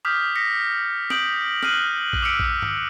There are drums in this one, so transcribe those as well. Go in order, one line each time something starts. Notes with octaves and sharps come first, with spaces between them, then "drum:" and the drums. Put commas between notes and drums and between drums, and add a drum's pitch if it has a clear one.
D6 D#6 F6 G6 B6
A#6 B6 C#7
D#6 G6 D7 F#7, drum: snare
D#6 F6 F#6 C7 D#7 F#7, drum: snare
drum: kick A#1
D6 E6 F#6 B6 C#7 D7
drum: kick A#1
drum: tom